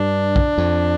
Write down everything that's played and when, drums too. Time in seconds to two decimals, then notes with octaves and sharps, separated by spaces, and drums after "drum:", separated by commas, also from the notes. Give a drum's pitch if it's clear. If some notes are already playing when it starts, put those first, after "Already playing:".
Already playing: G2 D4
0.36 drum: kick
0.58 F2